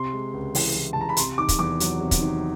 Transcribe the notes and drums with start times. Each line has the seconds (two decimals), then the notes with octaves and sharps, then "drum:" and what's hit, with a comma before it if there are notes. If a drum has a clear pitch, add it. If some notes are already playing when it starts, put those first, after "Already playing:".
Already playing: C3 C6
0.13 G#3
0.33 C#2
0.55 E3, drum: open hi-hat
0.76 E3
0.93 E3 A5
1.01 A#5
1.09 B5
1.17 C3 C6, drum: hi-hat
1.38 D#3 D6
1.49 drum: kick, hi-hat
1.59 E2 D6
1.80 F#3, drum: hi-hat
2.00 C3
2.11 drum: kick, hi-hat
2.21 D#3